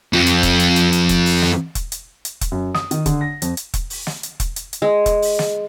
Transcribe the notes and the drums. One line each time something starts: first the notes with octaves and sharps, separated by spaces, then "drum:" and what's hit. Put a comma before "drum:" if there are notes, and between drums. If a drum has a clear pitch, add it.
F2 F3
drum: hi-hat
drum: kick E1, hi-hat
drum: hi-hat
drum: hi-hat
drum: hi-hat
drum: kick E1, hi-hat
drum: open hi-hat
drum: snare
drum: kick E1, hi-hat
drum: hi-hat
drum: hi-hat
drum: kick E1, hi-hat
F#2
D#6, drum: snare
D#3, drum: hi-hat
D3, drum: kick E1, hi-hat
A#6
F2, drum: hi-hat
drum: hi-hat
drum: kick E1, hi-hat
drum: open hi-hat
drum: snare
drum: hi-hat
drum: kick E1, hi-hat
drum: hi-hat
drum: hi-hat
G#3
drum: kick E1, hi-hat
drum: open hi-hat
drum: snare